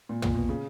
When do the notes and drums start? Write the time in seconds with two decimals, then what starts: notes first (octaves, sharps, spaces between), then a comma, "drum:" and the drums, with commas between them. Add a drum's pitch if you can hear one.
0.09 A#2
0.22 A#2, drum: tom
0.35 B2
0.49 C#3